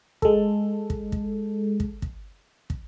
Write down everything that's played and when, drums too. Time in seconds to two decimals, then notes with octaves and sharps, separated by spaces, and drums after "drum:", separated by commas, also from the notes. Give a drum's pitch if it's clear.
0.22 G#3 A4, drum: kick
0.90 drum: kick
1.12 drum: kick
1.80 drum: kick
2.02 drum: kick
2.70 drum: kick